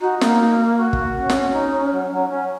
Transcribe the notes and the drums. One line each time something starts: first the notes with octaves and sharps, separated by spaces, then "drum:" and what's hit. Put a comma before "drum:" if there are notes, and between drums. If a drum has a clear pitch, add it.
D#4 F#4
A#3, drum: snare
F#4
drum: kick
C#4
drum: snare
D#4
F#3
F#3
C#4